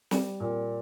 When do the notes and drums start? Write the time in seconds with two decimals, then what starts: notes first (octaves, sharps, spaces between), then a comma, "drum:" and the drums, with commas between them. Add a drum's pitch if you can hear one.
0.11 G3, drum: snare
0.40 A#2